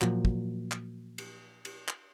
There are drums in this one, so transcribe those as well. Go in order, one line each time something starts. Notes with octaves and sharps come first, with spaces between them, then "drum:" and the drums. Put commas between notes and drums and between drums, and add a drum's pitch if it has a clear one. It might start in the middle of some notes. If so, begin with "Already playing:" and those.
A#2 F3 F#3, drum: clap
drum: kick
drum: clap
drum: cymbal
drum: cymbal
drum: clap